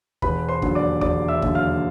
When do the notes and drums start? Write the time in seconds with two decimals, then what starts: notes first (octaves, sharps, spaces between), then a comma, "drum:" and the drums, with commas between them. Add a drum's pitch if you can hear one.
0.22 E1 B4 B5, drum: kick
0.49 C5 C6
0.62 D#2 D3 F#3, drum: kick
0.75 D5 D6
1.01 E1 D5 D6, drum: kick
1.28 E5 E6
1.42 D#2 D3 F#3, drum: kick
1.55 F5 F6